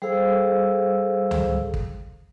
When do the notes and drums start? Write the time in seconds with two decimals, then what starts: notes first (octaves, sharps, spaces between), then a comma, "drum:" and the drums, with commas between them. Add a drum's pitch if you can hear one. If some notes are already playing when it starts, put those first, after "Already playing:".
0.02 G3 G#4 A4 C5 F5 E6
1.31 drum: tom C#2
1.74 drum: kick